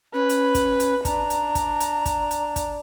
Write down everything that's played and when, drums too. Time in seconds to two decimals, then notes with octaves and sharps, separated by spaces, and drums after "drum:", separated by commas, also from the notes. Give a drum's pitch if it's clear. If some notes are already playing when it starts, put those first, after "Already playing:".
0.14 C#4 B4
0.29 drum: hi-hat
0.55 drum: kick, hi-hat
0.80 drum: hi-hat
1.05 D4 A#5, drum: kick, hi-hat
1.30 drum: hi-hat
1.55 drum: kick, hi-hat
1.80 drum: hi-hat
2.06 drum: kick, hi-hat
2.31 drum: hi-hat
2.56 drum: kick, hi-hat